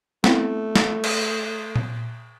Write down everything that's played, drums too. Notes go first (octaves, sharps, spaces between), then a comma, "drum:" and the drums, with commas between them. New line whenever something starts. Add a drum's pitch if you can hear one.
A3 B3 C4 E4, drum: snare
drum: snare
drum: cymbal
drum: tom A#2